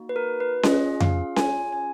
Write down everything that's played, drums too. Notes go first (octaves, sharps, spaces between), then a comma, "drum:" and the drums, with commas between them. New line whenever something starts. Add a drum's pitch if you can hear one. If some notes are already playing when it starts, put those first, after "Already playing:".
Already playing: A#3 D#4 F#4
B4
A#4
B4
C#4 F4 G#4 D#5, drum: snare C#4
F5, drum: tom F2
G#5, drum: snare C#4
G#5